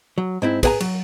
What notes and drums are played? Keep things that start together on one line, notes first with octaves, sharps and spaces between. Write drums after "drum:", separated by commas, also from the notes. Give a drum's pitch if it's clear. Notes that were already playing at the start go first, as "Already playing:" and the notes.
F#3
G#2 C4 E4
G#4 B4 C#5 F#5 G#5 A#5, drum: kick, cymbal
F#3, drum: cymbal